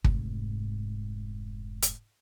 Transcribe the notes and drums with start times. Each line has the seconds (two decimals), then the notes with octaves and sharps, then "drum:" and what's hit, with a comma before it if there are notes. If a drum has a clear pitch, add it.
0.04 F1 G#2, drum: kick
1.83 drum: hi-hat